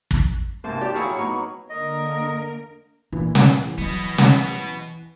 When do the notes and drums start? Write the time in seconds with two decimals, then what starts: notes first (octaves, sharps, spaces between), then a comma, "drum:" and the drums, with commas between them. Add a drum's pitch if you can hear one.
0.11 drum: kick
0.64 G#2 C3 A#3 C5 A5
0.81 G4 D5
0.94 F#3 E4 G4 G#4 C#5 F5 C#6
1.17 A#3 B3 D#4
1.70 D3 A#3 A#4 D#5
3.12 A#2 E3
3.35 drum: snare
3.78 F#3 B3 D#5
4.18 drum: snare